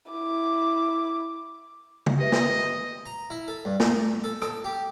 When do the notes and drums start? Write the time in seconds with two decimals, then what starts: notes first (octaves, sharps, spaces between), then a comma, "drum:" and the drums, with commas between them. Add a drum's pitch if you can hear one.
0.11 E4 D6
2.06 drum: tom C#3
2.19 G4 B4 D#5 E5
2.32 drum: snare
3.06 A#5
3.30 E4
3.48 A4
3.65 G2
3.80 A3, drum: snare
4.24 A4
4.42 A4, drum: rim click
4.64 G4